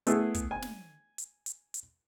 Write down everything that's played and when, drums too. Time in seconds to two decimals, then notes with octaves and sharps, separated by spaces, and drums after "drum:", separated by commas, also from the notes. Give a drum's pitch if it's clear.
0.07 A3 B3 E4 G#4, drum: hi-hat
0.34 drum: kick, hi-hat
0.51 G#5
0.62 drum: snare
1.18 drum: hi-hat
1.46 drum: hi-hat
1.74 drum: hi-hat